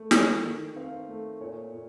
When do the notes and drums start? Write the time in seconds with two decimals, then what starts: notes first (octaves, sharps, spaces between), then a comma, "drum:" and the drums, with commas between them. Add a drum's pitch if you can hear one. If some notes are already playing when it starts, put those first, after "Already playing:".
Already playing: A3
0.11 D#3 C#6, drum: snare
0.44 D#3
0.76 C4 F5
1.08 A3
1.41 A#2 C#5
1.74 A#2